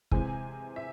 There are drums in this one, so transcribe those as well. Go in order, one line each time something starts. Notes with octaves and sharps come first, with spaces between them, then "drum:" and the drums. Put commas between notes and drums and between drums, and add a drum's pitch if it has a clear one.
C3 E3 G#3 C4 G#5, drum: kick
E5